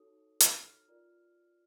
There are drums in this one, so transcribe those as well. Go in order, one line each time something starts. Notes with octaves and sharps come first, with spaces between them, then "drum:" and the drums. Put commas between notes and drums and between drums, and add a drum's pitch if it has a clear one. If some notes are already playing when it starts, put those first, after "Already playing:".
Already playing: D#4 F#4 A4 C#5 D#6
F6, drum: hi-hat
F4 A#4 D5